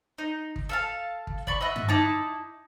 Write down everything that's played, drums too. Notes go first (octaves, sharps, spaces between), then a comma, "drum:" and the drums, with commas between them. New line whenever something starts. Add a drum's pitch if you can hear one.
D#4
drum: kick
A4 F5 A5
drum: kick
D5 B5 C#6, drum: kick
D#5 E5 F#5
drum: tom G2
D#4 E4 A5 D6